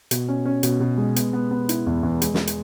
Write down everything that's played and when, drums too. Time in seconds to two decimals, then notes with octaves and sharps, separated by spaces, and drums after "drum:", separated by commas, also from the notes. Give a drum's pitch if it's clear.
0.11 B2, drum: hi-hat
0.29 C#4
0.45 C#4
0.63 B2, drum: hi-hat
0.80 B2
0.98 G#3
1.16 B3, drum: hi-hat
1.33 B3
1.51 B3
1.69 E4, drum: hi-hat
1.87 E2
2.03 E2
2.22 G#3, drum: hi-hat
2.34 drum: snare
2.47 drum: hi-hat